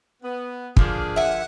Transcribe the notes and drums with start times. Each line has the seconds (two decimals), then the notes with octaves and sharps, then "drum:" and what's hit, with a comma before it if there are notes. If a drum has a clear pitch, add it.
0.23 B3
0.77 D3 F3 A#3 D4 G#4, drum: kick
1.16 E5 F#5 G#5